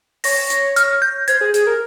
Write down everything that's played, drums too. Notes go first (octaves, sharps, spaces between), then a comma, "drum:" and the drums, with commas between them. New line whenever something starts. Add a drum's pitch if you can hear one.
C#5 A#6, drum: open hi-hat
drum: hi-hat
F6, drum: hi-hat
G6
C5 G#6, drum: hi-hat
G#4
G#4, drum: hi-hat
A#4